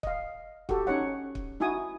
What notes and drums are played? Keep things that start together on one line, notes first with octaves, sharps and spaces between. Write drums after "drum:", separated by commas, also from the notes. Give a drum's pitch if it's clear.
D#5 F5, drum: kick
F#4 G4 A4, drum: kick
C#4 D#4 C#5 F#5
drum: kick
D#4 E4 F#4 G#5 D#6